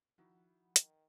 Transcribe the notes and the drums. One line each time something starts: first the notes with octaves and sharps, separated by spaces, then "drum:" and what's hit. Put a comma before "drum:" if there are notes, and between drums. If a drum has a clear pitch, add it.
D#3 F3 E4 F#4 F#5 B5
D#3, drum: hi-hat